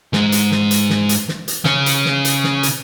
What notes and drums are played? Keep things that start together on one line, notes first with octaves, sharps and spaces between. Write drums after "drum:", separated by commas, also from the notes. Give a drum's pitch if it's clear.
G#2 G#3, drum: snare
drum: hi-hat
drum: snare
drum: hi-hat
drum: snare
drum: hi-hat
drum: snare
drum: hi-hat
C#3 C#4, drum: snare
drum: hi-hat
drum: snare
drum: hi-hat
drum: snare
drum: hi-hat